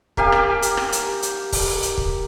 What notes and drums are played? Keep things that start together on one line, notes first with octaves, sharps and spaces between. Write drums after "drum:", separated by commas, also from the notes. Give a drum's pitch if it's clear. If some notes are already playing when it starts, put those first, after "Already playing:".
A#3 G4 F5 G#5, drum: kick
drum: rim click
drum: hi-hat
drum: rim click
drum: hi-hat
drum: hi-hat
drum: kick, open hi-hat
drum: hi-hat
drum: kick